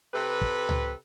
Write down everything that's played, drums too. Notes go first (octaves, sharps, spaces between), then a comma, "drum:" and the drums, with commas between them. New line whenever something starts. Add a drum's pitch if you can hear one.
C3 G4 A4 B4
drum: kick
drum: tom C#2